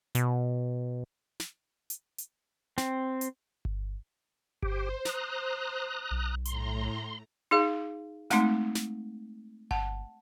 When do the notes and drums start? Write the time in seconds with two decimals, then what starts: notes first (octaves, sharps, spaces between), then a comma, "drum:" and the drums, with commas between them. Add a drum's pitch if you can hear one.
0.15 B2, drum: hi-hat
1.40 drum: snare
1.90 drum: hi-hat
2.18 drum: hi-hat
2.78 C4, drum: snare
3.21 drum: hi-hat
3.65 drum: kick G1
4.63 G4 C5, drum: kick G1
5.05 A#5 D#6 F#6, drum: snare
6.11 B1
6.45 A2 A#5 C6, drum: hi-hat
7.51 D#4 G#4 F5
8.30 G#3 A3 C4 D#4, drum: snare
8.75 drum: snare
9.71 F#5 A5, drum: kick G1